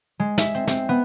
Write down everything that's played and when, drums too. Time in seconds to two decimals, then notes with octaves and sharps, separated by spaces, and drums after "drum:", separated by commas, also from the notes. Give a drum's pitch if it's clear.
0.20 G#3
0.38 E5, drum: snare
0.55 C4, drum: hi-hat
0.67 C4, drum: snare
0.89 B3